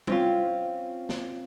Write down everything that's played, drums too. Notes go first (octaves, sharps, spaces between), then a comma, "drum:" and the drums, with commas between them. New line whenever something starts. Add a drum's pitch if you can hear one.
C4 C#4 F4, drum: tom G3
drum: snare